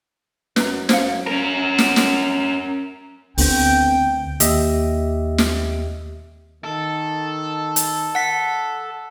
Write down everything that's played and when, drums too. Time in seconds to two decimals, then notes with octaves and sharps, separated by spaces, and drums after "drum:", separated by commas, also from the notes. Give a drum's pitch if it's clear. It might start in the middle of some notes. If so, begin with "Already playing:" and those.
0.56 F#2 B4 A#5, drum: snare
0.89 F#2 C5 F5, drum: snare
1.27 C#4 A#4
1.78 drum: snare
1.96 drum: snare
3.38 D2 D3 B3 C4 G5, drum: open hi-hat
4.40 D#2 G4 D#5 E5, drum: hi-hat
5.38 drum: snare
6.64 D#3 A4
7.76 drum: hi-hat
8.15 F#5 B6